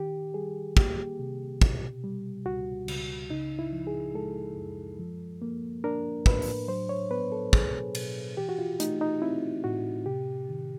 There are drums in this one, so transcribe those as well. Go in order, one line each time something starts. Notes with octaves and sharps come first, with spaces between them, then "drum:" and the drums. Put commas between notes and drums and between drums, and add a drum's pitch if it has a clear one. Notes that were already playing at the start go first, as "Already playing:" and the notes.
Already playing: D#3 G4
G3 G#4
A#3 G4, drum: kick
C3
B2, drum: kick
G3
C#2 F#4
C#2, drum: cymbal
C#3 D#4
E4
F3
G#4
G#3 A4
F#2
F3
A#3
D4 A#4
A2 B4, drum: kick
drum: open hi-hat
F#3 C5
C#5
B3 B4
A4
B2 G#4, drum: kick
B2, drum: cymbal
E3 G4
F#4
F4
A3 D#4, drum: hi-hat
D#4
C4 E4
A2 F#4
C3 G4
D#3